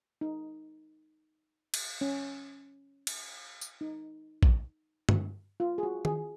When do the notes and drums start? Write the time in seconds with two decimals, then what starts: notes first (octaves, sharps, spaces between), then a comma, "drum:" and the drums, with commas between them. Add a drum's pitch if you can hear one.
0.21 D#4
1.74 drum: cymbal
2.01 C#4
3.07 drum: cymbal
3.61 drum: tambourine
3.81 D#4
4.43 drum: kick
5.09 drum: tom G2
5.60 F4
5.78 G#4
5.83 F#4
6.05 G#4, drum: tom D#3